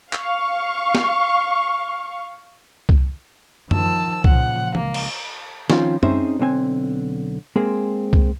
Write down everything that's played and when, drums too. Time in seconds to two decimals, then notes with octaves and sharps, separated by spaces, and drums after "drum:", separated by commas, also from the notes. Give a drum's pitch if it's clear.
0.13 F5 C#6, drum: clap
0.95 drum: snare
2.89 drum: kick C2
3.71 D#3 F3 A5 E6, drum: tom F#2
4.24 A#2 C#3 F3 F#5, drum: kick C2
4.75 C#2 A#3, drum: tom
4.94 drum: cymbal
5.70 D#3 F3 C4 C#4 F4, drum: snare
6.03 C4 C#4 D#4 G#4 C5 E5, drum: tom F#2
6.39 B1 D3 C4 G#5
7.56 G#3 A#3 C4 G#4
8.13 drum: kick C2